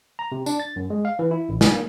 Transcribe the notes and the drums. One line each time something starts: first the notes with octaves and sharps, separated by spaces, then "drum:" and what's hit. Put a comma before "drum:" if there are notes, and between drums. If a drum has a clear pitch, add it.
A#5
C3
D4, drum: tambourine
A6
F#2
G#3
F5
E3
E4
A1
G#5, drum: snare
A#3